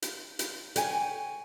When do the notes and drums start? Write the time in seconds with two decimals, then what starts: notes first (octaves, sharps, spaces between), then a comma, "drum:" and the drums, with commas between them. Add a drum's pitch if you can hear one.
0.02 drum: hi-hat
0.39 drum: hi-hat
0.76 C#5 G5 G#5, drum: hi-hat